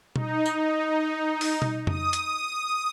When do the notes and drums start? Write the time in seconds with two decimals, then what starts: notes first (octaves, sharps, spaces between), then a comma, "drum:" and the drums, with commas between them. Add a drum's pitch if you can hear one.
0.16 D#4, drum: tom B2
0.46 drum: tambourine
1.41 drum: open hi-hat
1.62 drum: tom B2
1.87 D#6, drum: tom F2
2.13 drum: hi-hat